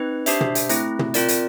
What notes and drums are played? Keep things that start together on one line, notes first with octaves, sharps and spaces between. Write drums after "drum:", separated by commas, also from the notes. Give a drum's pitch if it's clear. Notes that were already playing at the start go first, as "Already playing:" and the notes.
Already playing: C4 D#4 B4
D4 G4 C5 E5, drum: hi-hat
drum: tom
drum: hi-hat
A3 C4 E4, drum: hi-hat
drum: tom
C4 F4 A#4 D5, drum: hi-hat
drum: hi-hat